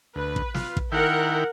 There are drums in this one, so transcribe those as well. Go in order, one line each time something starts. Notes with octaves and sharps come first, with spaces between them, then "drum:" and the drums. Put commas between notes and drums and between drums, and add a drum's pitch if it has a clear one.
D2 B4
drum: kick
F4, drum: snare
drum: kick
D#3 E4 A#4 F#5 G5